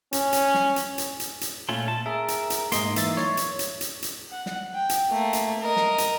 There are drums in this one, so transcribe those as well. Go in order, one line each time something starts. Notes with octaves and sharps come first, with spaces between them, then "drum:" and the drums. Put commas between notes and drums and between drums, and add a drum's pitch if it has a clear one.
C#4, drum: hi-hat
drum: hi-hat
drum: snare
drum: hi-hat
drum: hi-hat
drum: hi-hat
drum: hi-hat
A#2 A3 C#4 F4
A5
G#4 A#4 E5
drum: hi-hat
drum: hi-hat
G#2 A#3 D#4 D#5 C6, drum: hi-hat
E3 E5 A6, drum: hi-hat
C#5, drum: snare
drum: hi-hat
drum: hi-hat
drum: hi-hat
drum: hi-hat
F#5
drum: snare
G5
drum: hi-hat
A3 A#3
drum: hi-hat
A#4 D#5
drum: snare
drum: hi-hat